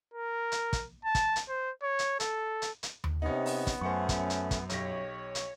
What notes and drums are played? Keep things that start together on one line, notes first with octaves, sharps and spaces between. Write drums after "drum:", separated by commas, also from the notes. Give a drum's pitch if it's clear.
A#4
drum: hi-hat
drum: kick, hi-hat
A5
drum: kick, hi-hat
drum: hi-hat
C5
C#5
drum: hi-hat
A4, drum: hi-hat
drum: hi-hat
drum: hi-hat
drum: tom D#2
C3 B3 C#4 D#4
drum: open hi-hat
drum: kick, hi-hat
F#2 A3 C#4 C5 F#5 C#6
drum: kick, hi-hat
drum: hi-hat
drum: kick, hi-hat
B1 G4 C#5 A#6, drum: hi-hat
drum: hi-hat